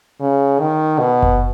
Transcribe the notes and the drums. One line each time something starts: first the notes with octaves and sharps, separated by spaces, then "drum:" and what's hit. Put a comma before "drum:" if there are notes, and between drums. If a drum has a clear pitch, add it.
C#3
D#3
B2
drum: kick F#1